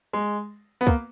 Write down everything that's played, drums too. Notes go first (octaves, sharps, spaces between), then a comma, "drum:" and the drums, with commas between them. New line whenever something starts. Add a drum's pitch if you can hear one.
G#3
B3
A#3, drum: kick